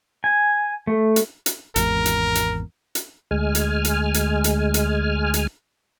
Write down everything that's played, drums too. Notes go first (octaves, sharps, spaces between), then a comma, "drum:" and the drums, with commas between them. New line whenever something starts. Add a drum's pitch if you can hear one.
G#5
A3
drum: hi-hat
drum: hi-hat
G#1 E2 G#2 A#4, drum: hi-hat
drum: hi-hat
drum: hi-hat
drum: hi-hat
D2 G#3 G#5 F6
drum: hi-hat
drum: hi-hat
drum: hi-hat
drum: hi-hat
drum: hi-hat
drum: hi-hat